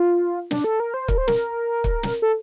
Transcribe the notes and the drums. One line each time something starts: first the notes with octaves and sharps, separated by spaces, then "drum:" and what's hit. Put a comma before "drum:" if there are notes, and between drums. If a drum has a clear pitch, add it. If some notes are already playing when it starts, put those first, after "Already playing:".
Already playing: F4
D4, drum: snare
A4
A#4
C5
A#4, drum: kick
C5
A#4, drum: snare
drum: kick
drum: snare
A4